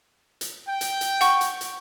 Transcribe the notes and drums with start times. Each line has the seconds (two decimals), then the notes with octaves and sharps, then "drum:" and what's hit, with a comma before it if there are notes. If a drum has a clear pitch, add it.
0.41 drum: hi-hat
0.68 G5
0.81 drum: hi-hat
1.01 drum: hi-hat
1.21 F#5 C#6, drum: hi-hat
1.41 drum: hi-hat
1.61 drum: hi-hat